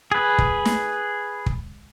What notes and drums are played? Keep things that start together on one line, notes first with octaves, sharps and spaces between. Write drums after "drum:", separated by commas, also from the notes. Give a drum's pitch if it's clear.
G#4 B4
drum: kick
drum: snare
drum: kick